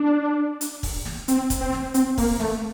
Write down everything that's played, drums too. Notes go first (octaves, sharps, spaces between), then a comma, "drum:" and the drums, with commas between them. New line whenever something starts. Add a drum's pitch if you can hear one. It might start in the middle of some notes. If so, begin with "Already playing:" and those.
Already playing: D4
drum: hi-hat
drum: kick, open hi-hat
drum: snare
C4, drum: hi-hat
drum: kick, hi-hat
C4
drum: snare
C4, drum: hi-hat
A#3, drum: kick, open hi-hat
A3, drum: snare